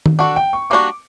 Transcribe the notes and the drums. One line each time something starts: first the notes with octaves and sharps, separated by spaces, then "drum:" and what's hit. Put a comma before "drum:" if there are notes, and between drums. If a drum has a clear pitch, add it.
drum: tom D#3
D4 F#4 A4 F#5
G5
C#6
G3 A#3 D4 F#4 D6